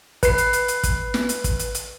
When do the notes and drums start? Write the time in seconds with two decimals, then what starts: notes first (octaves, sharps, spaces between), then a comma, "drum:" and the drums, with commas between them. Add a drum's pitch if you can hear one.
0.23 B4 C7, drum: kick, hi-hat
0.38 drum: hi-hat
0.53 drum: hi-hat
0.68 drum: hi-hat
0.84 drum: kick, hi-hat
1.14 drum: snare
1.29 drum: hi-hat
1.44 drum: kick, hi-hat
1.59 drum: hi-hat
1.75 drum: hi-hat